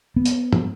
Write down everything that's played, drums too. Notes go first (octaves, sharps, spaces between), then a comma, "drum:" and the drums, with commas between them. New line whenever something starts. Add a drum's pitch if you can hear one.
B3
drum: hi-hat
drum: tom